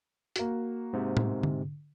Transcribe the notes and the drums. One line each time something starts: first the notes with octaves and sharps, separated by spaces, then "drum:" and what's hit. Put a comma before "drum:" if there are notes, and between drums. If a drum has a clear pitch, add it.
A#3 F#4, drum: hi-hat
G#2 C3
drum: tom A2
drum: tom D3